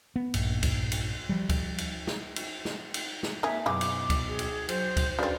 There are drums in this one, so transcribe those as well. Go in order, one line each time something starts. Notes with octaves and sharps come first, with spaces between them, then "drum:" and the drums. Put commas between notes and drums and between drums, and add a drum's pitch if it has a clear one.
B3
A#1 G2, drum: cymbal
drum: kick C#2, cymbal
drum: cymbal
F3 G3
drum: kick C#2, cymbal
drum: cymbal
drum: snare
drum: cymbal
drum: snare
drum: cymbal
drum: snare
A#3 C4 D#4 G#4 E5
F#2 B2 E3 G#3 G4 D6
drum: cymbal
drum: kick C#2, cymbal
G#4
drum: cymbal
F#3 C5, drum: cymbal
drum: kick C#2, cymbal
C#3 C4 D4 F#4 B4 D5